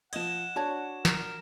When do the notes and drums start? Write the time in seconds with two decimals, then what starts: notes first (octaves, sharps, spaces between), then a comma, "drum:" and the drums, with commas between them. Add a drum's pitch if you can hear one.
0.13 F3 D#5 F#5 G#6 E7, drum: cymbal
0.56 D4 F#4 C#5 A5
1.05 A#4, drum: snare